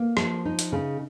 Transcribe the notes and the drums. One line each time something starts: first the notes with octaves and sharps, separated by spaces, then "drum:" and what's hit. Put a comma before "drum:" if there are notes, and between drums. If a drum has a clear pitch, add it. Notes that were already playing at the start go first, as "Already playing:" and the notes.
Already playing: A#3
F3, drum: rim click
D#4
drum: hi-hat
C#3